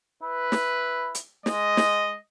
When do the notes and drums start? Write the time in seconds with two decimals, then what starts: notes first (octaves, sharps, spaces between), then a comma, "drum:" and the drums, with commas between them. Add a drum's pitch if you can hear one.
0.23 E4 B4
0.52 drum: snare
1.15 drum: hi-hat
1.46 G#3 D#5, drum: snare
1.77 drum: snare